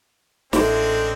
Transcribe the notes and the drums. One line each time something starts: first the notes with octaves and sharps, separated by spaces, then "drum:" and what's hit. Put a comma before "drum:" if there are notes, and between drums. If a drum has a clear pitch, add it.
A1 G#3 C4 D4 E4 A4, drum: snare